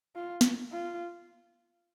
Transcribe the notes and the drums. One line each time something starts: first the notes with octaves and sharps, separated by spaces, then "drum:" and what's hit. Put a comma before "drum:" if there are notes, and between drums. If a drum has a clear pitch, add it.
F4
drum: snare
F4